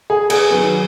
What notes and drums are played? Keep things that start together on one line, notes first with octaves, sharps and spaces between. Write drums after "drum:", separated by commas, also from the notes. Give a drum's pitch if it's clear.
G#4
G#4, drum: cymbal
D#3 F#3 B3